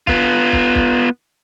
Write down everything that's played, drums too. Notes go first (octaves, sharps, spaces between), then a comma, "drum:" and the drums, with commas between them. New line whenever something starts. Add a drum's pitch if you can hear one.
B3 F4, drum: kick
drum: kick
drum: kick